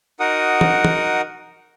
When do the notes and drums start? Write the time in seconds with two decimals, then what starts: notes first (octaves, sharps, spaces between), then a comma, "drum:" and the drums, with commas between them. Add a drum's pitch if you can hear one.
0.20 D#4 F#4 A#4 F#5 D#6
0.61 drum: tom
0.85 drum: tom